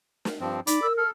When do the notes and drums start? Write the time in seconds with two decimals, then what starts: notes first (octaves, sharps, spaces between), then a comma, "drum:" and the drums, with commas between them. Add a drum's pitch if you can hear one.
0.25 drum: snare
0.40 G2 F3 C4
0.67 D#4 D5 B5 D6, drum: hi-hat
0.82 A#4 E6
0.97 A4 F6